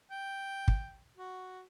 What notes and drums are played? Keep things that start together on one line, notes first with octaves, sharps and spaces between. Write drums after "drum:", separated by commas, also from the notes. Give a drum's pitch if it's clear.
G5
drum: kick
F#4